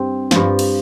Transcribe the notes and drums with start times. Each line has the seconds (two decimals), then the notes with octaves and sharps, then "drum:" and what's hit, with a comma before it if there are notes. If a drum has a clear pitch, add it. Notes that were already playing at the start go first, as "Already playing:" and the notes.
Already playing: G2 C4
0.31 G2 F3, drum: snare
0.59 drum: cymbal